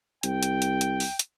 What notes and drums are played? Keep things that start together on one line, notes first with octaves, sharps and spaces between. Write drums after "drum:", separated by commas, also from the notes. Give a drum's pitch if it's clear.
C2 G5, drum: hi-hat
drum: hi-hat
drum: hi-hat
drum: hi-hat
drum: open hi-hat
drum: hi-hat